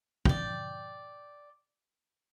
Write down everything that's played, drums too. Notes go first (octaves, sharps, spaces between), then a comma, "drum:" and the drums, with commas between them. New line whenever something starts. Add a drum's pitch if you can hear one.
D5 G5, drum: kick